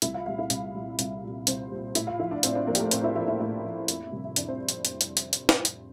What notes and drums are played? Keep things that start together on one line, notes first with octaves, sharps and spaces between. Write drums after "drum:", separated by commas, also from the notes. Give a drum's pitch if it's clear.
C2 E4 E5, drum: hi-hat
F4 F5
A#2 G3 F4 F5
E4 E5
C2, drum: hi-hat
A#2 G3
C2, drum: hi-hat
A#2 G3
C2 C4 C5, drum: hi-hat
A#2 G3
A2 E4 E5, drum: hi-hat
F4 F5
F3 E4 E5
D4 D5
A2 C4 C5, drum: hi-hat
D4 D5
F3 A#3 A#4
G4, drum: hi-hat
A3 A4
A2 C4 C5, drum: hi-hat
E4 E5
F3 E4 E5
E4 E5
A2 E4 E5
F3
F2, drum: hi-hat
C3 G3
E5
F2 D4 D5, drum: hi-hat
C4 C5
drum: hi-hat
drum: hi-hat
drum: hi-hat
drum: hi-hat
drum: hi-hat
drum: snare
drum: hi-hat